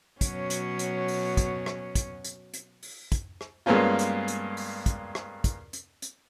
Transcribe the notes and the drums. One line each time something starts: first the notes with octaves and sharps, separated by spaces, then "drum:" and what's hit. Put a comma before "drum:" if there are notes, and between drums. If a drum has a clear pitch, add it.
B2 F#3 C#4, drum: kick, hi-hat
drum: hi-hat
drum: hi-hat
drum: open hi-hat
drum: kick, hi-hat
drum: rim click
drum: kick, hi-hat
drum: hi-hat
drum: hi-hat
drum: open hi-hat
drum: kick, hi-hat
drum: rim click
G2 G#3 A#3 B3 C#4 F4
drum: hi-hat
drum: hi-hat
drum: open hi-hat
drum: kick, hi-hat
drum: rim click
drum: kick, hi-hat
drum: hi-hat
drum: hi-hat